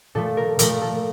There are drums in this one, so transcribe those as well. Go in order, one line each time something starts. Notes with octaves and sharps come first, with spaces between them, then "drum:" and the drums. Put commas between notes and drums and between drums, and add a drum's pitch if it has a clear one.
A#2 F3 A3 A4
A#4
A#2 F3 A3 A#4, drum: hi-hat
A4